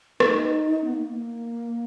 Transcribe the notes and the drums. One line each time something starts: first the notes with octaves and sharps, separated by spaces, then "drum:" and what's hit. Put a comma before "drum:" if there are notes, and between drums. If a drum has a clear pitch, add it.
D#4, drum: rim click
B3
A#3